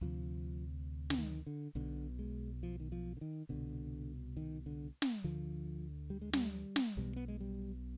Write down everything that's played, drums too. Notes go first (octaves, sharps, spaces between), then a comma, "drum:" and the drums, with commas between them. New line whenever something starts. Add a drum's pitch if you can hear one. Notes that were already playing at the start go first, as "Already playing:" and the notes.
D2 C3 F3
D3, drum: snare
D#3
D3
B1 B2 D3
G#3
F3
D#3
F3
D3
D#3
C2 B2 D3
D#3
D3
drum: snare
D2 D3 F3
G3
G#3
G3, drum: snare
drum: snare
B1 B2 G3
B3
G#3
G3